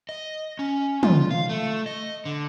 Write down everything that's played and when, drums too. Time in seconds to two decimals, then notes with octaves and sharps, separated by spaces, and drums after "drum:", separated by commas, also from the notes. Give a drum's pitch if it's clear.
0.09 D#5
0.59 C#4
1.03 F4, drum: tom
1.31 F5
1.49 A3
1.86 D#5
2.26 D3